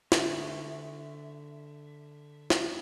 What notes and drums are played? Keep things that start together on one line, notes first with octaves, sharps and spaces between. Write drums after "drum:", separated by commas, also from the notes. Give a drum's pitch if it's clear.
D3 E5, drum: snare
drum: snare